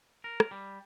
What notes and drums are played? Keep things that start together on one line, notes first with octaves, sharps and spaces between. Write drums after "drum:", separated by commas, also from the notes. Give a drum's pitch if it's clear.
A#4
drum: rim click
G3